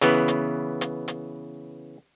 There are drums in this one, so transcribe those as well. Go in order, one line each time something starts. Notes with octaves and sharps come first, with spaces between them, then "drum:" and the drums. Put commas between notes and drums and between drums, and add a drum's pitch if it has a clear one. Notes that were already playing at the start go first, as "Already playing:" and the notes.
C#3 E3 B3, drum: hi-hat
drum: hi-hat
drum: hi-hat
drum: hi-hat